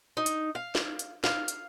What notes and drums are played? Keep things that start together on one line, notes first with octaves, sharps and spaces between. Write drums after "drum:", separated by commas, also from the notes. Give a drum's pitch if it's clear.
D#4
drum: hi-hat
F5
drum: snare
drum: hi-hat
F5, drum: snare
drum: hi-hat